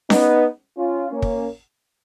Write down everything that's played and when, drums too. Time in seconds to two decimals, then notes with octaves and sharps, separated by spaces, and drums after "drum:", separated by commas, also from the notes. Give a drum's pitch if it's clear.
0.10 B3 D#4, drum: snare C#4
0.77 C#4 F4
1.11 A#3 C#4
1.22 drum: kick